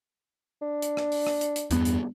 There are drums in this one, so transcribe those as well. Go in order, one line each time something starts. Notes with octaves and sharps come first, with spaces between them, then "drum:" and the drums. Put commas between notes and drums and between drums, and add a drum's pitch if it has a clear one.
D4
drum: hi-hat
drum: rim click
drum: open hi-hat
drum: rim click
drum: hi-hat
drum: hi-hat
E2 G2 B3, drum: hi-hat
drum: hi-hat